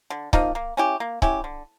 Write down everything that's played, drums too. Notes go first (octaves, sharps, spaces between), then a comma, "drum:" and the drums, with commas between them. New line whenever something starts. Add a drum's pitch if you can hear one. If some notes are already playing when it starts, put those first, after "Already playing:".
D3
F3 A#3 D#4, drum: kick C#1
A#3
C#4 E4 G4
A#3
C#4 E4 G4, drum: kick C#1
D3